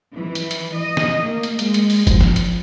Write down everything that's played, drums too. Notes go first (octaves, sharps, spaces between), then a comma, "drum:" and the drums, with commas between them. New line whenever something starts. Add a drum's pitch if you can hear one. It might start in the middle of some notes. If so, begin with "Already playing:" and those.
E3
drum: hi-hat
drum: hi-hat
D#5
drum: snare
A#3
drum: hi-hat
G#3, drum: hi-hat
drum: hi-hat
drum: open hi-hat
F3, drum: kick F#1, hi-hat
drum: snare
drum: hi-hat